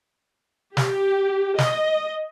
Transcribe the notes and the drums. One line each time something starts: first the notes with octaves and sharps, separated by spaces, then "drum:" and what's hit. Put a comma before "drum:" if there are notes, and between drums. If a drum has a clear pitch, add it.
G4, drum: snare
D#5, drum: snare